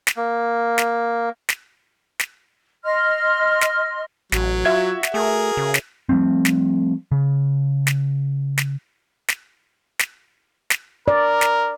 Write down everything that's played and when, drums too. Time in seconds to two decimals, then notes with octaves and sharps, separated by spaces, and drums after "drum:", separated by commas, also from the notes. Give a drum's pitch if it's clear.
0.07 drum: snare
0.17 A#3
0.78 drum: snare
1.49 drum: snare
2.19 drum: snare
2.84 D#5 C6 F6
3.61 drum: snare
4.32 A1 F#3, drum: snare
4.65 F4 F#4 E5 G#6
5.03 drum: snare
5.14 A3 G#4 A#4
5.57 C#3
5.74 drum: snare
6.09 F3 G3 A3 C4
6.45 drum: snare
7.12 C#3
7.87 drum: snare
8.58 drum: snare
9.28 drum: snare
9.99 drum: snare
10.70 drum: snare
11.08 A#4 D5
11.41 drum: snare